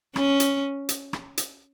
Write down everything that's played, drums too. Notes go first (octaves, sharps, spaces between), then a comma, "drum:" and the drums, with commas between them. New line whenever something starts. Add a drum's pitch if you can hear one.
C#4, drum: rim click
drum: hi-hat
drum: hi-hat
drum: rim click
drum: hi-hat